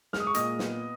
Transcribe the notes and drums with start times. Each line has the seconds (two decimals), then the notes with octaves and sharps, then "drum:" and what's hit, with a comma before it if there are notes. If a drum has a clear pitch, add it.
0.13 G#3 F6, drum: snare
0.20 D#6
0.27 C#6
0.34 A#2 D#5 D#6, drum: hi-hat
0.59 B3, drum: snare